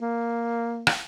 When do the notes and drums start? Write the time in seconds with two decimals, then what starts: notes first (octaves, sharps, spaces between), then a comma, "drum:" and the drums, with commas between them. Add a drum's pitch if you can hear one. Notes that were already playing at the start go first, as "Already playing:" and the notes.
0.01 A#3
0.87 drum: rim click